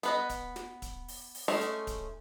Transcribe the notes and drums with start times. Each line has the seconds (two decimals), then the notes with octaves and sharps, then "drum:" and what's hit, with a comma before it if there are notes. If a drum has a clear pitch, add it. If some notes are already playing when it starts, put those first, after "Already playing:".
0.03 B3 B4 D#5, drum: hi-hat
0.30 drum: kick, hi-hat
0.56 drum: snare
0.82 drum: kick, hi-hat
1.08 drum: open hi-hat
1.35 drum: open hi-hat
1.48 G#3 A3 C#4 D#4
1.61 drum: hi-hat
1.87 drum: kick, hi-hat